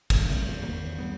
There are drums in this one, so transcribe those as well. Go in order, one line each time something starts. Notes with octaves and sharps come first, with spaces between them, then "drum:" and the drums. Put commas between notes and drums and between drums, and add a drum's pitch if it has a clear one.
D#1 C2, drum: kick, cymbal
C3 G3 A3 A#3
D#2
D1 E2 D#3 A#3
D#2 G3 B3